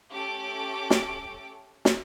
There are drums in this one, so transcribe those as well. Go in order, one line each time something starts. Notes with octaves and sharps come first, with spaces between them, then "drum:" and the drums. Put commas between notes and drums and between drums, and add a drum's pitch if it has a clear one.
A3 C#4 G4 A4 D6 D7
drum: snare
drum: snare